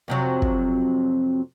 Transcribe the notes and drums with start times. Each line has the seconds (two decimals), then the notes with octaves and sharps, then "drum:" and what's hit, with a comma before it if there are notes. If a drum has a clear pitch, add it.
0.08 F2 C3 F#3
0.42 drum: kick